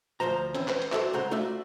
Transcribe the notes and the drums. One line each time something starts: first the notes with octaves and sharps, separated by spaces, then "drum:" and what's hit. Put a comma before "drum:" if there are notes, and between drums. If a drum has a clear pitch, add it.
D2 A#2 F3 C5 A#5
E3 C4 C#4, drum: hi-hat
B4 C5, drum: clap
drum: hi-hat
F#4 A4 C5 D5 E5, drum: clap
C2 C#3 G#3 C5 F#5 A#5
A3 F4 F#4 D5 E5